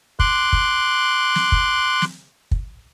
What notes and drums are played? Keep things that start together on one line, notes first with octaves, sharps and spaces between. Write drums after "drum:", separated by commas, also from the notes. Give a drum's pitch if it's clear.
C6 D6 F#6, drum: kick
drum: kick
drum: snare
drum: kick
drum: snare
drum: kick